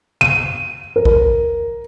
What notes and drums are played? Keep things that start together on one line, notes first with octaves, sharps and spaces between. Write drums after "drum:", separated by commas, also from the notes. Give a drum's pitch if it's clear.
D#7, drum: tom
A#4
drum: kick A#1